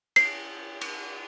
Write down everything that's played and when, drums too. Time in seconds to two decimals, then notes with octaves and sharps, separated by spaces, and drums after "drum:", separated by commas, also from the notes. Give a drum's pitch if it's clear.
0.16 C7, drum: cymbal
0.81 drum: cymbal